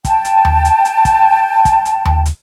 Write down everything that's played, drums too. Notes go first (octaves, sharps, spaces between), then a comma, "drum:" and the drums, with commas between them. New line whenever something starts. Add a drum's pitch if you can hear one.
G5 A5, drum: kick, hi-hat
drum: hi-hat
drum: tom D#2
drum: hi-hat
drum: hi-hat
drum: kick, hi-hat
drum: kick, hi-hat
drum: hi-hat
drum: tom D#2
drum: hi-hat